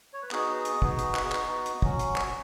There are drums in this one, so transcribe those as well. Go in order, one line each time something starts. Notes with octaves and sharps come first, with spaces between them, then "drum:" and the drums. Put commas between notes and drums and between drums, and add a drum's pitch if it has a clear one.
C#5
B4
B3 D#4 F#4 G#4, drum: clap
drum: hi-hat
B3 D#4 F#4, drum: kick
drum: hi-hat
B4, drum: clap
G#4
B3 D#4 F#4, drum: clap
drum: hi-hat
F#3 C#4 F#4, drum: kick
drum: hi-hat
drum: clap